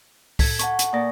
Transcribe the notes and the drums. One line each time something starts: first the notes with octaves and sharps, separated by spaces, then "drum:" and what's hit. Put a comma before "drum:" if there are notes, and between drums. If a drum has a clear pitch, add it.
A4 G#6 B6, drum: kick C2, open hi-hat
F#5 A5 C#6, drum: hi-hat
drum: hi-hat
A#2 A5 C#6 D#6 A#6